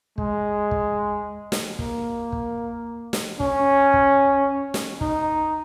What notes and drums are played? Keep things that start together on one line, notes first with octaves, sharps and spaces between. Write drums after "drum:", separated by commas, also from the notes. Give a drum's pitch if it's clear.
G#3, drum: kick
drum: kick
drum: snare
A#3, drum: kick
drum: kick
drum: snare
C#4, drum: kick
drum: kick
drum: snare
D#4, drum: kick